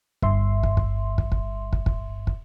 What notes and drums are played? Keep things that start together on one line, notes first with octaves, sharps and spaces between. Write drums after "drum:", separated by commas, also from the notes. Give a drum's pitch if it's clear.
G1 G2 E5 C6, drum: kick
drum: kick
drum: kick
drum: kick
drum: kick
drum: kick
drum: kick
drum: kick